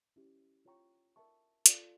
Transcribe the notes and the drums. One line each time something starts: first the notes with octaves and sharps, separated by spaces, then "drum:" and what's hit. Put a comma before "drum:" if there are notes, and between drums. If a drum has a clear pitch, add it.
C#4 E4 G4
F4 C#5 G5 A#5 C#6
A#4 E5 A5 C#6
F4 A4 D5, drum: hi-hat